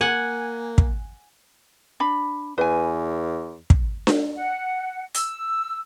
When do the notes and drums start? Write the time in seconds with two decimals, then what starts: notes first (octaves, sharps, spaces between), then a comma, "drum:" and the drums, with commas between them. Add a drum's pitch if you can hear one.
0.01 A#3 F#5 G#5
0.78 drum: kick
2.00 D4 B5
2.58 E2 B4 G#5
3.70 drum: kick
4.07 drum: snare D4
4.37 F#5
5.14 E6, drum: hi-hat